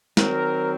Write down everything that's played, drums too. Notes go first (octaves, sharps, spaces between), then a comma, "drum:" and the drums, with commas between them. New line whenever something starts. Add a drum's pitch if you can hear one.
D#3 F#3 C4 A#4, drum: snare